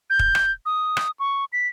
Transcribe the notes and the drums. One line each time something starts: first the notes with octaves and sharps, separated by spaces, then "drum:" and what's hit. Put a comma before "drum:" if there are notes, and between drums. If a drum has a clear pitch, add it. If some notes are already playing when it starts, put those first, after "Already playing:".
G6
drum: kick
drum: rim click
D#6
drum: rim click
C#6
B6